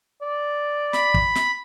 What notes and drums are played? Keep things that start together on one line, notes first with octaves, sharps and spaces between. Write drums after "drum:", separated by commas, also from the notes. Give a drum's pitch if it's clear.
D5
B5, drum: snare
drum: kick
drum: snare